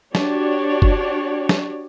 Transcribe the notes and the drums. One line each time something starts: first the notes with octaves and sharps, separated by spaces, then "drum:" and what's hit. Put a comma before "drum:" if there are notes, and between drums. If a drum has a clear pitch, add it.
D4 F#4 G4 C#5 D5, drum: snare
drum: kick
drum: snare